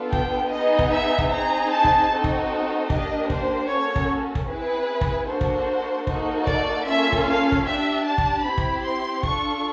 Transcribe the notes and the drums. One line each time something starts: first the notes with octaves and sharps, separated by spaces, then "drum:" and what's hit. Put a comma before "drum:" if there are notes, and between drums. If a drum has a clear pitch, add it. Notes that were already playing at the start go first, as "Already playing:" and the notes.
Already playing: B3 D4 F4 A4
G5, drum: kick
B3 D#4 G#4 D#5
drum: kick
E5
drum: kick
C4 D#4 G#4 A#5
A5
drum: kick
C4 D#4 F#4 A4
drum: kick
A#3 D4 G4 D#5, drum: kick
C5, drum: kick
A#3 C#4 F#4 A4 C#5
drum: kick
drum: kick
C4 E4 G#4 B4
drum: kick
A#3 D4 F#4 A4 C5
drum: kick
A#3 D#4 F#4 A4, drum: kick
D5, drum: kick
A#3 C#4 F4 A4 E5
drum: kick
F5
drum: kick
D4 G4 E5
A5
drum: kick
C4 E4 G4 B5
drum: kick
C6
D4 F4 A4 C#6, drum: kick